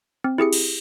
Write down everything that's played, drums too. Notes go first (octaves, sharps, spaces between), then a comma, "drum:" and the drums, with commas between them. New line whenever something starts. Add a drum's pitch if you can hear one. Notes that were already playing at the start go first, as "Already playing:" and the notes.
C4
E4 G4 G#4 C#7
drum: cymbal